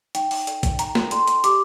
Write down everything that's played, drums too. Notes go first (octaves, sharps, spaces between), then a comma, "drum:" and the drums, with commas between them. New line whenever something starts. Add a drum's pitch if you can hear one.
D#4 G5, drum: hi-hat
drum: open hi-hat
A4 D5, drum: hi-hat
drum: kick, hi-hat
D#4 A#5, drum: hi-hat
drum: snare
A4 D5 C6, drum: hi-hat
drum: hi-hat
G4 D6, drum: hi-hat